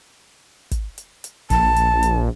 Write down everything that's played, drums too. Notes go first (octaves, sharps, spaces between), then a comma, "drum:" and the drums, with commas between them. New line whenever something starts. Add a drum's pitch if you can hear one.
drum: kick, hi-hat
drum: hi-hat
drum: hi-hat
A#1 A5, drum: kick, hi-hat
drum: hi-hat
drum: hi-hat